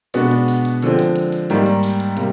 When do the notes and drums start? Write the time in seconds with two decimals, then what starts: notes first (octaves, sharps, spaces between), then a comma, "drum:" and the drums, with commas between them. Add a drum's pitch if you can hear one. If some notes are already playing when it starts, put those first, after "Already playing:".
0.14 B2 G#3 B3 D4 F#4, drum: hi-hat
0.31 drum: hi-hat
0.48 drum: open hi-hat
0.65 drum: hi-hat
0.82 D3 F3 G#3 C4, drum: hi-hat
0.99 drum: hi-hat
1.16 drum: hi-hat
1.32 drum: hi-hat
1.50 G#2 D#3 G3 A#3, drum: hi-hat
1.66 drum: hi-hat
1.83 drum: open hi-hat
2.00 drum: hi-hat
2.17 C3 G3 A#3, drum: hi-hat